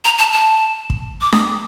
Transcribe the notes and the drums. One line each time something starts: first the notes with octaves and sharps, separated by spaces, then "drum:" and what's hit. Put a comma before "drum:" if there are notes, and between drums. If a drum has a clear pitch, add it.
A#5
A5
A5
drum: kick
D6
D#6, drum: snare D4